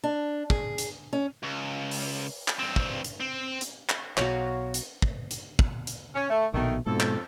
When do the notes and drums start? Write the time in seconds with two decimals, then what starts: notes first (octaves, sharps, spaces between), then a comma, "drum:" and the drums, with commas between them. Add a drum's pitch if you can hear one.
0.04 D4
0.50 G#4, drum: kick
0.78 drum: hi-hat
1.13 C#4
1.43 C#2
1.91 drum: open hi-hat
2.48 drum: clap
2.59 G2 C4
2.76 drum: kick
3.04 drum: hi-hat
3.20 C4
3.61 drum: hi-hat
3.89 drum: clap
4.17 B1 B2 F#4 C#5 F5 A#5, drum: clap
4.74 drum: hi-hat
5.02 drum: kick
5.31 drum: hi-hat
5.59 drum: kick
5.87 drum: hi-hat
6.15 C#4
6.30 A3
6.54 A#1 B2 D#3 A3
6.86 F2 G#2 B2 A4
7.00 drum: clap